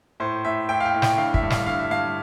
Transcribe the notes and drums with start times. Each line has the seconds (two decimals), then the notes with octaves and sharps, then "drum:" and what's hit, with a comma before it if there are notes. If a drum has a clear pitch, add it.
0.20 A2 C5
0.45 A2 E5
0.69 A2 G5
0.80 F5
0.85 G5
0.94 A2
1.02 G5, drum: snare
1.18 D3 F5
1.34 E5, drum: kick
1.43 G2
1.50 F5, drum: snare
1.66 D3 F5
1.79 E5
1.91 G2 F5